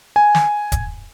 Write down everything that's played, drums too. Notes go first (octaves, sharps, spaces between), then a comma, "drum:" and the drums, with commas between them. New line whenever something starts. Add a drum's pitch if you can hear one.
G#5
drum: snare
drum: kick, hi-hat